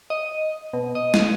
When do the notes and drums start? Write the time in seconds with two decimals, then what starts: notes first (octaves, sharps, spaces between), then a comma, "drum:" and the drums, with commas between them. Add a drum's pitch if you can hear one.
0.10 D#5
0.73 B2
0.95 D#5
1.14 drum: snare